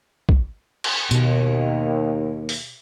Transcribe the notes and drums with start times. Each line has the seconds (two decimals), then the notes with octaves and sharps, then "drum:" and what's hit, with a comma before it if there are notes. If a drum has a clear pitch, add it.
0.29 drum: kick B1
0.84 drum: cymbal
1.11 D#2 B2, drum: tambourine
2.49 drum: open hi-hat